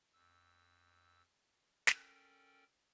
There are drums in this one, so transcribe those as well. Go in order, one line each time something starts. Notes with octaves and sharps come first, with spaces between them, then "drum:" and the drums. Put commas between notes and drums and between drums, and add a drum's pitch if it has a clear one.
F2 E6
C#4 A4 A#4 D5 G5, drum: snare